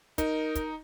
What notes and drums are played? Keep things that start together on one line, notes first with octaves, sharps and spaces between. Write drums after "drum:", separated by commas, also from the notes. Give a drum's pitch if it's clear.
D#4 A#4, drum: kick, hi-hat
drum: kick, hi-hat